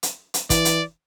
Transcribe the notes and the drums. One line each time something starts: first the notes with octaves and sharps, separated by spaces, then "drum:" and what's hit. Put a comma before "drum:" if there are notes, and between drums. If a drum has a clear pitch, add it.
drum: hi-hat
drum: hi-hat
E3 D5, drum: kick, hi-hat
drum: hi-hat